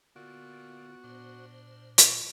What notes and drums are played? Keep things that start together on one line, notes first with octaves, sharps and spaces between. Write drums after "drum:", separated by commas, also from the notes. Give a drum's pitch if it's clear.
A#2 D3 B3 F#4
A#2 D4 C5
drum: hi-hat